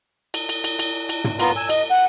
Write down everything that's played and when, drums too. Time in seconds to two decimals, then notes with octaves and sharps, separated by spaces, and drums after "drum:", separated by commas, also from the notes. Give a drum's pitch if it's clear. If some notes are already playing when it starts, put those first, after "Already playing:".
0.34 drum: cymbal
0.49 drum: cymbal
0.64 drum: cymbal
0.79 drum: cymbal
1.09 drum: cymbal
1.24 drum: tom
1.40 B3 F4 A#4, drum: cymbal
1.56 G#5 E6
1.70 D#5, drum: cymbal
1.91 F#5